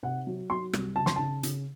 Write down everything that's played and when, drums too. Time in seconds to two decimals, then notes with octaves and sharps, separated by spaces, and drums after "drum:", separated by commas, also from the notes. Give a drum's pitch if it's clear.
0.03 C3 F#5
0.27 F#3
0.50 F#3 C6
0.73 C2, drum: rim click
0.96 C#3 A5
1.06 C6, drum: snare
1.16 C#3 A5
1.43 C#3, drum: hi-hat